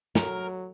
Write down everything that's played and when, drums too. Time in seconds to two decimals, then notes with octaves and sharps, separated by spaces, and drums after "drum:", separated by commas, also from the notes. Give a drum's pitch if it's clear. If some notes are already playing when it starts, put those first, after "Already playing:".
0.15 F#3 A#4, drum: snare